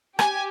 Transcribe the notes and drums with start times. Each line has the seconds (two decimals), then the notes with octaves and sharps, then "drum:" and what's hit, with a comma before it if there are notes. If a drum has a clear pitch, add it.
0.19 G4 G#5, drum: rim click